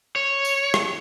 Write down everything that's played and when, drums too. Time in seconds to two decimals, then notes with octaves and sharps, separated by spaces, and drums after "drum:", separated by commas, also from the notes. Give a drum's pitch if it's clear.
0.16 C#5
0.45 drum: tambourine
0.74 drum: rim click